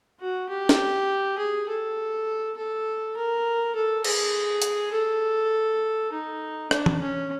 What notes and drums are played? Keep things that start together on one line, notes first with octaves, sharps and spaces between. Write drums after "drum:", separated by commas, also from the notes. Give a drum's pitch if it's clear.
F#4
G4
drum: snare
G#4
A4
A4
A#4
A4
G#4, drum: cymbal
drum: hi-hat
A4
D#4
D4, drum: rim click
drum: tom E3
C#4